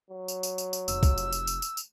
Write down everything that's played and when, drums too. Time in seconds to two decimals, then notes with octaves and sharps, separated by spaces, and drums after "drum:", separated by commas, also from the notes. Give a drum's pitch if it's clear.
0.11 F#3
0.28 drum: tambourine
0.43 drum: tambourine
0.58 drum: tambourine
0.73 drum: tambourine
0.88 F1 E6, drum: tambourine
1.03 drum: kick, tambourine
1.18 drum: tambourine
1.33 drum: tambourine
1.47 drum: tambourine
1.62 drum: tambourine
1.77 drum: tambourine